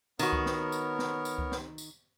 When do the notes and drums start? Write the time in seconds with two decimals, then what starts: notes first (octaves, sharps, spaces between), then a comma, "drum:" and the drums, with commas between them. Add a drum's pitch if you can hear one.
0.19 D#3 B3 F#4 A#4 C#5, drum: tambourine
0.33 drum: kick C#2
0.46 drum: snare
0.72 drum: tambourine
0.99 drum: snare
1.25 drum: tambourine
1.38 drum: kick C#2
1.52 drum: snare
1.78 drum: tambourine